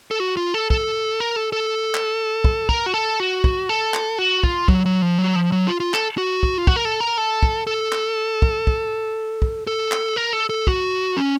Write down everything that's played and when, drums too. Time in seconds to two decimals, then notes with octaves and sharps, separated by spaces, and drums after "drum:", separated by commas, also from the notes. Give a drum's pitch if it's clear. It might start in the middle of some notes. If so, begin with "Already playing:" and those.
0.11 A4
0.20 F#4
0.37 F4
0.54 A4
0.70 A4, drum: kick
1.20 A#4
1.36 A4
1.53 A4
1.95 drum: clap
2.44 drum: kick
2.69 A#4, drum: kick
2.86 F#4
2.94 A4
3.20 F#4
3.44 drum: kick
3.69 A4
3.94 drum: clap
4.19 F#4
4.43 F4, drum: kick
4.68 F#3, drum: kick
4.86 F#3
5.02 F3
5.19 F#3
5.36 F3
5.52 F#3
5.68 F4
5.80 F4
5.94 A4, drum: clap
6.18 F#4
6.43 drum: kick
6.58 F4
6.67 F#4, drum: kick
6.76 A#4
6.85 A4
7.00 A#4
7.18 A4
7.43 drum: kick
7.67 A4
7.92 drum: clap
8.42 drum: kick
8.67 drum: kick
9.42 drum: kick
9.67 A4
9.92 drum: clap
10.16 A#4
10.33 A4
10.49 A4
10.67 F#4, drum: kick
11.17 C#4